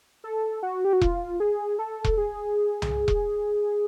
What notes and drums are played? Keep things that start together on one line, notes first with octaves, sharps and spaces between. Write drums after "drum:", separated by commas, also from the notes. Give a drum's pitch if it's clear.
A4
F#4
G4
F#4
F4, drum: kick E1
G#4
A4
drum: kick E1
G#4
drum: tom C2
drum: kick E1